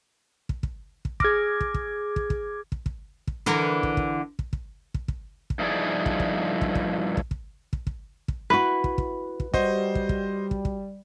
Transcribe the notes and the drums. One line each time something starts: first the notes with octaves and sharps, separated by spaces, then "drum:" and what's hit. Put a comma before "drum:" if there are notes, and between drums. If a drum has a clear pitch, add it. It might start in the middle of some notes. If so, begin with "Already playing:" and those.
drum: kick
drum: kick
drum: kick
G#4 D6 F6 G#6 A#6, drum: kick
drum: kick
drum: kick
drum: kick
drum: kick
drum: kick
drum: kick
drum: kick
D3 E3 A#4
drum: kick
drum: kick
drum: kick
drum: kick
drum: kick
drum: kick
drum: kick
G2 F3 D#4 E4 G#4 D5
drum: kick
drum: kick
drum: kick
drum: kick
drum: kick
drum: kick
drum: kick
drum: kick
drum: kick
E4 F#4 B4
drum: kick
drum: kick
drum: kick
G3 F#4 C5 D#5, drum: kick
drum: kick
drum: kick
drum: kick
drum: kick